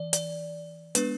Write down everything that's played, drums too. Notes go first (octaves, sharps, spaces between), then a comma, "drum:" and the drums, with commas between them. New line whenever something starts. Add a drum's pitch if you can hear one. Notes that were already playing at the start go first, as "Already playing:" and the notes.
Already playing: E3 D5
D5, drum: hi-hat
G#3 B3 D4 B4, drum: hi-hat